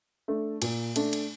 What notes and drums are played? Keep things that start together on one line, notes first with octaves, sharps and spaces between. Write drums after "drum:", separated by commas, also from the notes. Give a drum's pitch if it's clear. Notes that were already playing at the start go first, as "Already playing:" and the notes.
A3 D4
A#2, drum: cymbal
A3 D4, drum: cymbal
drum: cymbal